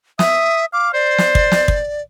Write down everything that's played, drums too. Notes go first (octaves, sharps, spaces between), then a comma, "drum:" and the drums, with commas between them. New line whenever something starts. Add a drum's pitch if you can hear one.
E5 D#6, drum: snare
F5 D6
C5 D5
drum: snare
drum: kick
drum: snare
drum: kick